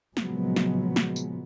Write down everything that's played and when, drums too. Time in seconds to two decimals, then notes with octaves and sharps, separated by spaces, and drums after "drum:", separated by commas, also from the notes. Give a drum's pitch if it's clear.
0.17 A#2 C#3 F3 F#3 G#3 B3, drum: snare
0.56 drum: snare
0.96 drum: snare
1.16 drum: tambourine